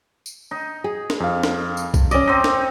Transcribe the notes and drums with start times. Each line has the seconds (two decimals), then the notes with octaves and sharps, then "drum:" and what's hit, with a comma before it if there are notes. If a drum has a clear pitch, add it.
0.26 drum: tambourine
0.51 D#4
0.84 G#4
1.10 drum: snare
1.20 F2 F5
1.43 drum: snare
1.77 drum: tambourine
1.94 drum: kick, tambourine
2.11 C#4 D5 D#5 D6, drum: tambourine
2.27 C4 D#4
2.44 drum: snare